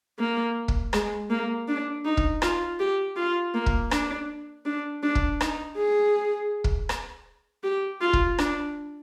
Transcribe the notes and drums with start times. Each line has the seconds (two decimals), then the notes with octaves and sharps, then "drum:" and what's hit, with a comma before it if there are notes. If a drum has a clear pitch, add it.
0.19 A#3
0.68 drum: kick
0.93 G#3, drum: rim click
1.30 A#3
1.68 D4
2.05 D#4
2.17 drum: kick
2.42 F4, drum: rim click
2.79 G4
3.16 F4
3.54 A#3
3.66 drum: kick
3.91 D4, drum: rim click
4.66 D4
5.03 D4
5.15 drum: kick
5.41 D#4, drum: rim click
5.77 G#4
6.64 drum: kick
6.89 drum: rim click
7.64 G4
8.01 F4
8.13 drum: kick
8.38 D4, drum: rim click